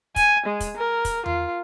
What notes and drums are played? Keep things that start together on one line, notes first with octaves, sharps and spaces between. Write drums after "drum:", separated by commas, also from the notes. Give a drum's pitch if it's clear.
G#5, drum: kick, hi-hat
G#3
drum: kick, hi-hat
A#4
drum: kick, hi-hat
F4, drum: tom E2